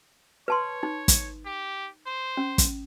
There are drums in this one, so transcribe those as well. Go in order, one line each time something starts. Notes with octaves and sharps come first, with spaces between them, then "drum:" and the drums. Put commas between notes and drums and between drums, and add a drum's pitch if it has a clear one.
B4 C#5 A5 C6
D#4
drum: kick, hi-hat
G4
C5
C#4
drum: kick, hi-hat